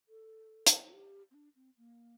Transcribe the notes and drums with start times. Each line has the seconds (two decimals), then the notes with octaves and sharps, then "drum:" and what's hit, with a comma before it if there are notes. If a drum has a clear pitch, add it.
0.09 A4
0.67 drum: hi-hat
0.88 F4
0.93 G4
1.31 C4
1.34 D4
1.55 C4
1.77 A#3